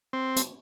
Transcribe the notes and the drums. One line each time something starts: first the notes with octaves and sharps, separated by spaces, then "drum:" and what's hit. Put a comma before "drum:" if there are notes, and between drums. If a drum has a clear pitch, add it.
C4
drum: hi-hat